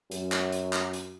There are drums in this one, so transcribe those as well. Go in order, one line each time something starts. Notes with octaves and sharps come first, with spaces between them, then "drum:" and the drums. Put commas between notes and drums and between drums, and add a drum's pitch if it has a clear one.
F#2, drum: hi-hat
drum: clap
drum: hi-hat
drum: clap
drum: hi-hat